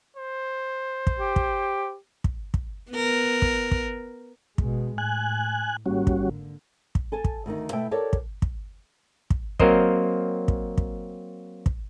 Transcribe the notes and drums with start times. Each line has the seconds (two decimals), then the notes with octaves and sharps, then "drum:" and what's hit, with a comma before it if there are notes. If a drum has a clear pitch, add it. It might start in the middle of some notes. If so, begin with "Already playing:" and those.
0.17 C5
1.07 drum: kick
1.19 G4
1.36 drum: kick
2.24 drum: kick
2.54 drum: kick
2.91 B3 A#4
3.42 drum: kick
3.71 drum: kick
4.58 B2 G#3, drum: kick
4.98 A2 G#5 F#6
5.86 G#1 G3 A#3 C#4 F#4
6.07 drum: kick
6.22 D3
6.95 drum: kick
7.12 A4 G#5 A5
7.24 drum: kick
7.46 D2 D#3 D#4
7.72 B2 A3 E4 G5
7.91 G4 A4 A#4 C#5 D5
8.13 drum: kick
8.42 drum: kick
9.30 drum: kick
9.60 F#3 A#3 C4 A#4 C5 D#5, drum: kick
10.48 drum: kick
10.78 drum: kick
11.66 drum: kick